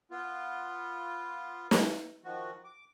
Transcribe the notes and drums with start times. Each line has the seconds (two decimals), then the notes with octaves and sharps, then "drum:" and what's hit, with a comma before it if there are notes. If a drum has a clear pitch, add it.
0.11 B3 F4
1.71 drum: snare
2.24 D#3 F3 F#4
2.64 D6